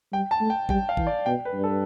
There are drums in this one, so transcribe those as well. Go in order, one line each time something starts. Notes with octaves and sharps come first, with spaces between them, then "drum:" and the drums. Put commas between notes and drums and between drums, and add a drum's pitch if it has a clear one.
G3 G5
A5
A3
G5
G3 G5, drum: kick G#1
F5
E3, drum: kick G#1
D5
B2 G5
B4
G2
A4